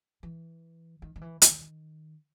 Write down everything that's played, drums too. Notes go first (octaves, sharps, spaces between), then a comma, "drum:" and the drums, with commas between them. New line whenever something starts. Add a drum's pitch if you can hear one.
E3
D#3
D#3
E3
D#3, drum: hi-hat